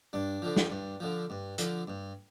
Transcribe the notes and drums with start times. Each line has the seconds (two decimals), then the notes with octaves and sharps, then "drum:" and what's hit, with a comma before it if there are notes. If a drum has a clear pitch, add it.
0.13 G2 D4
0.42 D3 F3
0.57 drum: snare
0.71 G2
1.00 D3 F3
1.30 G2
1.58 D3 F3, drum: hi-hat
1.87 G2